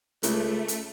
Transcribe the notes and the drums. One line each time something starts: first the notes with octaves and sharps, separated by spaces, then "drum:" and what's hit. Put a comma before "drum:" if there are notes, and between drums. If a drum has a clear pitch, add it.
C#2 A3, drum: hi-hat
drum: hi-hat